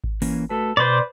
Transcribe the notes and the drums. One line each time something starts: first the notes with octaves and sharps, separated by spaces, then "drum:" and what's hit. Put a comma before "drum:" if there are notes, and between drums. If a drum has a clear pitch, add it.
drum: kick G#1
E3 A#3 C#4, drum: open hi-hat
A3 F#4 A4 B4
B2 B4 C5 D5